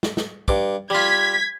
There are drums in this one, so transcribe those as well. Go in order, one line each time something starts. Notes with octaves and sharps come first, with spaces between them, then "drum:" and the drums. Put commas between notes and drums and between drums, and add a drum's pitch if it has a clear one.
drum: snare
drum: snare
G2 D6, drum: kick
G3 F4 G#6 B6